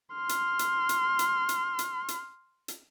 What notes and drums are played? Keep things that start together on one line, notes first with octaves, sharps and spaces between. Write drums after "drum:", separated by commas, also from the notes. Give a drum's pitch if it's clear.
C6 F6
drum: hi-hat
drum: hi-hat
drum: hi-hat
drum: hi-hat
drum: hi-hat
drum: hi-hat
drum: hi-hat
drum: hi-hat